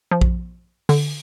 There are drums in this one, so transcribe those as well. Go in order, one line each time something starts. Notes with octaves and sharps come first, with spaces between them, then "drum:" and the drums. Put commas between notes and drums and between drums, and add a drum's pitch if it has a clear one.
F3
drum: kick A#1
D3, drum: open hi-hat